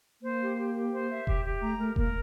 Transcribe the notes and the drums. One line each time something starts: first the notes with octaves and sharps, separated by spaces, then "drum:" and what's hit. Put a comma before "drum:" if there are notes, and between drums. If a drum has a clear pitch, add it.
A#3 C5
G4
G4
G4
C5
E5
G4, drum: kick E1
G4
A3 A#5
A3 A#4
A#3 A#4, drum: kick E1